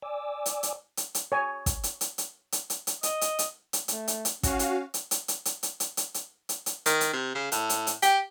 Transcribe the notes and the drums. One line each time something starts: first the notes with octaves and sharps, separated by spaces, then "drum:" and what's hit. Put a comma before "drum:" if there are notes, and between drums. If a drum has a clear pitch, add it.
D5 G#5 D6 E6
drum: hi-hat
drum: hi-hat
drum: hi-hat
drum: hi-hat
C#5 G#5
drum: kick, hi-hat
drum: hi-hat
drum: hi-hat
drum: hi-hat
drum: hi-hat
drum: hi-hat
drum: hi-hat
D#5, drum: hi-hat
drum: hi-hat
drum: hi-hat
drum: hi-hat
A3, drum: hi-hat
drum: hi-hat
drum: hi-hat
C#4 F#4 F5, drum: kick, hi-hat
drum: hi-hat
drum: hi-hat
drum: hi-hat
drum: hi-hat
drum: hi-hat
drum: hi-hat
drum: hi-hat
drum: hi-hat
drum: hi-hat
drum: hi-hat
drum: hi-hat
D#3, drum: hi-hat
drum: hi-hat
C3
C#3
A2, drum: hi-hat
drum: hi-hat
drum: hi-hat
G4, drum: hi-hat